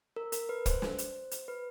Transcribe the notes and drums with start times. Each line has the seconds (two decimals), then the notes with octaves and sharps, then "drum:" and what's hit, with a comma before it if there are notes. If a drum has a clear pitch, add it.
0.16 A#4
0.32 A#4, drum: hi-hat
0.49 B4
0.66 C5, drum: kick, hi-hat
0.82 drum: snare
0.98 drum: hi-hat
1.31 drum: hi-hat
1.48 B4